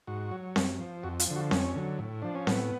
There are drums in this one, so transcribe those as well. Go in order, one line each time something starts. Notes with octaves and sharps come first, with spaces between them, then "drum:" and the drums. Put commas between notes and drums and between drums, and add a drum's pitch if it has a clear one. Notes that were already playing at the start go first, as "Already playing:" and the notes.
G#2 F#4
F#3
F#2, drum: snare C4
F3
F2 F#4
F4, drum: hi-hat
D3 F3
F#4
F2 C#4, drum: snare C4
D3 F#3
A2
F3 D4
C#4
A2 B3, drum: snare C4